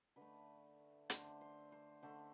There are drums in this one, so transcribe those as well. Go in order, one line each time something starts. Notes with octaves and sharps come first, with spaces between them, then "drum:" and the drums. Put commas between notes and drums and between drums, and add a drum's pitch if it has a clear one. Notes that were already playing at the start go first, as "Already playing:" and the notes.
D3 A3 B4
D3 A3 C5, drum: hi-hat
C5
C5
D3 A3 C5